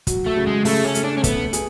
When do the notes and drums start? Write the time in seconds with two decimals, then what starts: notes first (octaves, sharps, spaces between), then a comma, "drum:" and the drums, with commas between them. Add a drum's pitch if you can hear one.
0.07 F#3, drum: kick, hi-hat
0.26 A3
0.37 C#3
0.47 G#3
0.65 C#3 A3, drum: open hi-hat
0.85 C#4
0.95 A3, drum: hi-hat
1.04 D4
1.18 C#4
1.24 A3 B3, drum: kick, hi-hat
1.53 G#4, drum: hi-hat